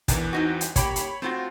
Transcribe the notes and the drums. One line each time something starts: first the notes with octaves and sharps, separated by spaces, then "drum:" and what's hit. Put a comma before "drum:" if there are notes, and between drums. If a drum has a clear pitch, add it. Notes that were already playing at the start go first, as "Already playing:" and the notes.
E2 E3 D4 A#4, drum: kick, hi-hat
C4 D#4 F#4
drum: hi-hat
A#3 G4 C#5 B5 D7, drum: kick, hi-hat
drum: hi-hat
A3 C4 F4 F#4